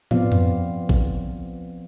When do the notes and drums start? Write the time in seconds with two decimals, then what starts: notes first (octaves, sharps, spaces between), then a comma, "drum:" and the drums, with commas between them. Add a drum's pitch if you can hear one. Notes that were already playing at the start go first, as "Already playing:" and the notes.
0.11 F3 B3 C4 F4 D5 F5, drum: tom
0.32 drum: tom F2
0.89 drum: kick A1